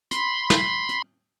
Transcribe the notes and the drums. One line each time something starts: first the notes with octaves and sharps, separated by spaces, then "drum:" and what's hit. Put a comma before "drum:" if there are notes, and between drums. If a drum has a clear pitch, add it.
B5 C6, drum: hi-hat
drum: snare
drum: hi-hat